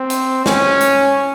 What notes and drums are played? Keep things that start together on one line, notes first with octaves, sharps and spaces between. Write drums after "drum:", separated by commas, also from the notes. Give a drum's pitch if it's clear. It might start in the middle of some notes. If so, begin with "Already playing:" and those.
Already playing: C4
drum: hi-hat
C#4, drum: snare
drum: hi-hat